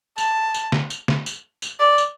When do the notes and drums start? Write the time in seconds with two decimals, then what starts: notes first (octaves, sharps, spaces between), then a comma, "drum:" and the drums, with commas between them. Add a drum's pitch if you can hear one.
0.18 A5, drum: tambourine
0.54 drum: tambourine
0.72 drum: snare
0.90 drum: tambourine
1.08 drum: snare
1.26 drum: tambourine
1.62 drum: tambourine
1.80 D5
1.98 drum: tambourine